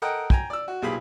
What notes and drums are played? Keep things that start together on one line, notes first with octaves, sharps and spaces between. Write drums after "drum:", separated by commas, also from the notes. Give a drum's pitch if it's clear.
A4 A#4 D#5 F#5 G5
G5 G#5 A#5, drum: kick
D5 E6
F#4
B1 A#2 G4 G#4 G#5 B5